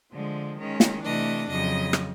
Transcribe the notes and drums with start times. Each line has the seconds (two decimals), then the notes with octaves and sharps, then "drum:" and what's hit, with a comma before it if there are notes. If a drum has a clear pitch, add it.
0.13 D3 F3 G#3
0.58 D#3 G#3 C#4
0.80 drum: snare
1.04 C3 E3 A3 D4 D#5
1.50 F2 C#3 F#3 D#5
1.93 drum: rim click